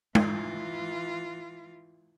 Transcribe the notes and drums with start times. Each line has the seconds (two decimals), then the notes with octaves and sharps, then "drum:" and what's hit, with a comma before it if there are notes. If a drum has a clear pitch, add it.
0.15 E3 F4, drum: tom